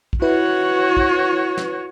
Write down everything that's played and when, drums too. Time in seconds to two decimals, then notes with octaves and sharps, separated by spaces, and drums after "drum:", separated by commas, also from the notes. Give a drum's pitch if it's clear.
0.13 drum: kick A#1
0.22 E4 F#4 B4 C#5
0.97 drum: kick A#1
1.57 drum: snare